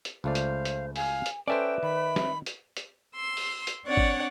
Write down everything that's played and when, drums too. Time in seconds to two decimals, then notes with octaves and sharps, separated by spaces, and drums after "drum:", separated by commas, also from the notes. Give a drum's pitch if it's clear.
0.05 drum: hi-hat
0.24 C#2 A3 C5 D5 F5
0.35 drum: hi-hat
0.65 drum: hi-hat
0.96 F5 G#5, drum: open hi-hat
1.26 drum: hi-hat
1.48 C#4 A4 B4 C5 D5 E5 G5
1.83 D#3 B5
2.16 drum: snare
2.46 drum: hi-hat
2.77 drum: hi-hat
3.15 C6 E6
3.37 drum: open hi-hat
3.67 drum: hi-hat
3.85 C4 D4 C#5 D5 F#5
3.97 drum: kick